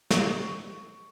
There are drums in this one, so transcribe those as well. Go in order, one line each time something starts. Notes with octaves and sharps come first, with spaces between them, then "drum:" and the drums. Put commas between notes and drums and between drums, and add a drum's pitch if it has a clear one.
C#6, drum: snare